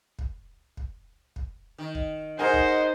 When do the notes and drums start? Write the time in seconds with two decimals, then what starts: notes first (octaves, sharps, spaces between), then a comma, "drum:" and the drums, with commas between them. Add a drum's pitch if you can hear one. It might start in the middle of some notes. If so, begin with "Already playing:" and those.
0.19 drum: kick
0.77 drum: kick
1.36 drum: kick
1.78 D#3
1.95 drum: kick
2.39 D#4 G#4 A#4 C5 D#5 F#5 G#5
2.54 drum: kick